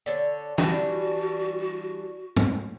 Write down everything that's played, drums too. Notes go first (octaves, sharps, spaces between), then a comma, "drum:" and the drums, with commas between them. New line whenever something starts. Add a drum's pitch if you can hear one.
D3 A4 C#5
E3 G3 D4 F#4, drum: tom
drum: tom